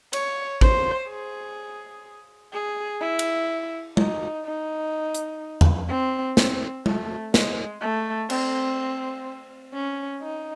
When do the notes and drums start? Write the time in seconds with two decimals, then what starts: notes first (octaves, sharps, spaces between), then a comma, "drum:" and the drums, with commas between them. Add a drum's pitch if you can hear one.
0.13 C#5, drum: cymbal
0.61 C5, drum: kick G#1
1.09 G#4
2.53 G#4
3.01 E4
3.19 drum: cymbal
3.97 D#4, drum: tom
4.46 D#4
5.15 drum: hi-hat
5.61 drum: tom E2
5.89 C4
6.37 C4, drum: snare
6.86 A3, drum: tom
7.34 G#3, drum: snare
7.81 A3
8.30 C4, drum: cymbal
9.73 C#4
10.22 D#4